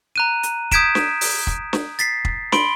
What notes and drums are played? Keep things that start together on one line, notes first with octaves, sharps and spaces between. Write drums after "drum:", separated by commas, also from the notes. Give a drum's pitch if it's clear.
A#5 F#6 D#7
drum: hi-hat
D#6 G6 G#6 B6 D7 E7, drum: kick, hi-hat
drum: snare
drum: open hi-hat
drum: kick
drum: snare
A6 B6 C7, drum: hi-hat
drum: kick
B5 C6 D7 G7, drum: snare